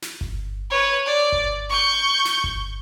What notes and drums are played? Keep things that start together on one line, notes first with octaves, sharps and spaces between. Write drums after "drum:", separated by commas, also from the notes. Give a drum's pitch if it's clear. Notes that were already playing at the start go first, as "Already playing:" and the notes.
drum: snare
drum: kick G1
B4 C#5
D5
drum: kick G1
C#6 G6
drum: snare
drum: kick G1